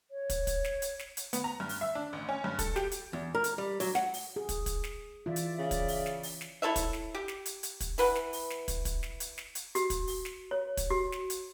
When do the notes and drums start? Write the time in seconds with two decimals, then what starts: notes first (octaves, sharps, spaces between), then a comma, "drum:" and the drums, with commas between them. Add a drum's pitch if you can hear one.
0.11 C#5
0.30 drum: kick, hi-hat
0.47 drum: kick, hi-hat
0.64 drum: snare
0.82 drum: hi-hat
0.99 drum: snare
1.17 drum: hi-hat
1.33 B3, drum: hi-hat
1.44 A#5
1.60 G2
1.69 drum: open hi-hat
1.81 E5
1.95 D4
2.13 A1
2.29 C#4
2.44 G2
2.59 A4, drum: kick, hi-hat
2.76 G4, drum: snare
2.91 drum: hi-hat
3.13 E2
3.35 A#4
3.44 drum: hi-hat
3.58 G3
3.80 F#3, drum: open hi-hat
3.95 F#5, drum: snare
4.14 drum: open hi-hat
4.36 G#4
4.49 drum: kick, hi-hat
4.66 drum: kick, hi-hat
4.84 drum: snare
5.26 E3 F4 D5 E5
5.36 drum: hi-hat
5.59 C#3
5.71 drum: kick, hi-hat
5.88 drum: open hi-hat
6.06 drum: snare
6.23 drum: open hi-hat
6.41 drum: snare
6.62 E4 A4 C#5 E5
6.76 drum: kick, hi-hat
6.93 drum: snare
7.15 G4
7.28 drum: snare
7.46 drum: hi-hat
7.63 drum: hi-hat
7.80 drum: kick, hi-hat
7.98 E3 B4 F#5, drum: open hi-hat
8.15 drum: snare
8.33 drum: open hi-hat
8.50 drum: snare
8.68 drum: kick, hi-hat
8.85 drum: kick, hi-hat
9.03 drum: snare
9.20 drum: hi-hat
9.38 drum: snare
9.55 drum: hi-hat
9.75 F#4, drum: hi-hat
9.90 drum: kick, hi-hat
10.07 drum: open hi-hat
10.25 drum: snare
10.51 C#5
10.77 drum: kick, hi-hat
10.90 F#4
11.12 drum: snare
11.30 drum: hi-hat